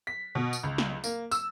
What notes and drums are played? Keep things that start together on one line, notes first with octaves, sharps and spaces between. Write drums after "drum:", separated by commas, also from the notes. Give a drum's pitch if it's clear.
B6
B2
drum: tambourine
C#2
drum: snare
A#3, drum: tambourine
E6, drum: tambourine